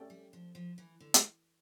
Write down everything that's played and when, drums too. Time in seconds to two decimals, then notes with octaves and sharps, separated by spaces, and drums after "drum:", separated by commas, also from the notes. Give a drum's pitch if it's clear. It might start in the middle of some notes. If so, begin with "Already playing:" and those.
Already playing: A3 C#4 G4 D5 G5
0.10 G3
0.33 F3
0.55 F3
0.78 E3
1.00 D3
1.14 drum: hi-hat